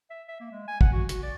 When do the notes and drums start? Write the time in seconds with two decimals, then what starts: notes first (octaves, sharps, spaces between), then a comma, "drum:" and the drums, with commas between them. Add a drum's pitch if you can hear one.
0.10 E5
0.28 E5
0.40 A#3
0.52 G#3
0.68 G#5
0.81 F#5, drum: kick
0.93 F#4
1.09 F#4, drum: hi-hat
1.23 D5